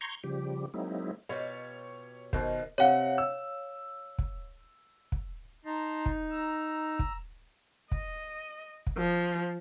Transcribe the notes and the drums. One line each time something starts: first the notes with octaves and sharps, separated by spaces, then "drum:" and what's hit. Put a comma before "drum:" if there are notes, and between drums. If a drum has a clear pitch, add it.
A#5 C6 C#6 G6 G#6
C#3 F3 G3 G4
F#3 G#3 A#3 C4 D#4 E4
B2 F4 G4 C#5
B2 D#3 C5, drum: kick
C3 C#5 F5 F#5
E6
drum: kick
drum: kick
D#4 A5 A#5 C6
drum: kick
A#5 E6
drum: kick
D#5, drum: kick
drum: kick
F3